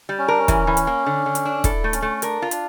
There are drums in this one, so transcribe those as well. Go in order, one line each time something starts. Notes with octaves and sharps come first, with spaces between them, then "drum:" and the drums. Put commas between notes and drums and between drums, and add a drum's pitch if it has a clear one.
G3
C#4
D4 A#4
C#4
E3, drum: kick, hi-hat
E3
drum: hi-hat
A#3
D3
D3
drum: hi-hat
D4
E4 A4, drum: kick, hi-hat
A3
C#4, drum: hi-hat
A3
D4 A#4, drum: hi-hat
F4
D4, drum: hi-hat